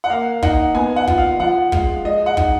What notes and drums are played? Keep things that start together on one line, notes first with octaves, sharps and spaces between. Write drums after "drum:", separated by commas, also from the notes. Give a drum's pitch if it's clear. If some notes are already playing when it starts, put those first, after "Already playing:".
F#5
A#3 F5
D#4 F#5, drum: kick
B3 G#5
F#5
F4, drum: kick
F5
F3 F#5
G#3 F5, drum: kick
G#3 D#5
F#5
D#4, drum: kick